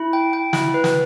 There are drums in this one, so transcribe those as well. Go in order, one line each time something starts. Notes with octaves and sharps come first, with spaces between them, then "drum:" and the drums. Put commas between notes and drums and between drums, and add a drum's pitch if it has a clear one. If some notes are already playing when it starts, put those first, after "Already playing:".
Already playing: E4
G5
G5
E4, drum: snare
B4
drum: snare